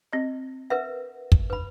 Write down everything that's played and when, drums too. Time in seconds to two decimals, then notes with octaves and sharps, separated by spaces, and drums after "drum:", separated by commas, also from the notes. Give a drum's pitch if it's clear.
0.13 C4 D#5
0.70 A#4 B4 E5 F#5
1.32 drum: kick
1.50 B4 B5